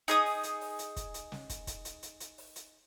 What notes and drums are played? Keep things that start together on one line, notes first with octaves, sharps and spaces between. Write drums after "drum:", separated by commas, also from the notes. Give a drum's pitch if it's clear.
D#4 G#4 D#6, drum: hi-hat
drum: open hi-hat
drum: hi-hat
drum: open hi-hat
drum: hi-hat
drum: kick, hi-hat
drum: hi-hat
drum: snare
drum: kick, hi-hat
drum: kick, hi-hat
drum: hi-hat
drum: hi-hat
drum: hi-hat
drum: open hi-hat
drum: hi-hat